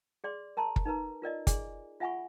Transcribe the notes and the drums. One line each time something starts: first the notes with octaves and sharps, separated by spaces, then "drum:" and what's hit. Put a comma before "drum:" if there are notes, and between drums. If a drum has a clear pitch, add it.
G#4 D5 C6
A#4 A5 A#5 C6
drum: kick
D#4 A#4 B4 A#5
F4 A#4 D5 D#5
G#4 D5 G#5, drum: kick, hi-hat
F4 E5 F#5 G#5 B5 C#6